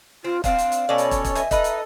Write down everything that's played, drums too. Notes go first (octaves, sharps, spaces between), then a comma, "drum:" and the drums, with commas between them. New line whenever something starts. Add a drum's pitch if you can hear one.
C4 F4
C4 D4 F5, drum: kick, hi-hat
drum: hi-hat
drum: hi-hat
B2 C#4 A4 C#5 D5
drum: hi-hat
drum: kick, hi-hat
drum: kick, hi-hat
B2 E5 G#5, drum: hi-hat
D#4 A4 B4, drum: kick, hi-hat
drum: hi-hat